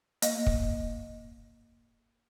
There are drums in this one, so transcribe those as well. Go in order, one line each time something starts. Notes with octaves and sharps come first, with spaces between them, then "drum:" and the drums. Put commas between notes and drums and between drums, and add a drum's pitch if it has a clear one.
A#3 D#5, drum: hi-hat
drum: kick